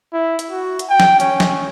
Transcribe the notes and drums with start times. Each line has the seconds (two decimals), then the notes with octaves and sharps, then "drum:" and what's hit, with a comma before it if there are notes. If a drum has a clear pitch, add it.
0.13 E4
0.39 drum: hi-hat
0.51 F#4
0.79 drum: hi-hat
0.89 G5
1.00 drum: snare
1.20 C#4, drum: hi-hat
1.40 drum: snare